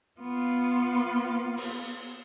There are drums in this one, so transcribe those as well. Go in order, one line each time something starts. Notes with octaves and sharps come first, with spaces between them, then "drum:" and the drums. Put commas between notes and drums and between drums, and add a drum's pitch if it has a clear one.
B3 F4
drum: open hi-hat